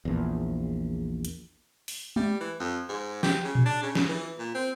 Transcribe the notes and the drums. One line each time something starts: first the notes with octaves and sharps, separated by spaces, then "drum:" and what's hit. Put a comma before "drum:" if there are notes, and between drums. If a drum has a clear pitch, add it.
A#1 E2
drum: hi-hat
drum: open hi-hat
G3, drum: tom G#3
E3
F2
G#2
G4, drum: snare
C#3
drum: tom A#2
D4
C#3
drum: snare
E3
A#2
C4